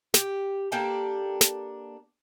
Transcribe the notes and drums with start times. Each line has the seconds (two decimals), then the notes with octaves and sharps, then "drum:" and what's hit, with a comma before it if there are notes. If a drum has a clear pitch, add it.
0.14 G4, drum: snare
0.72 A#3 D4 G4 A4
1.41 drum: snare